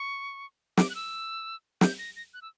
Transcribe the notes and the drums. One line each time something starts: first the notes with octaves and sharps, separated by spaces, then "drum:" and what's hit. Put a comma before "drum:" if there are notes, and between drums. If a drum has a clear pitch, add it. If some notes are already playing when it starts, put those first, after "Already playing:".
Already playing: C#6
D6, drum: snare
F#6
E6
G6, drum: snare
A#6
A#6
F#6
E6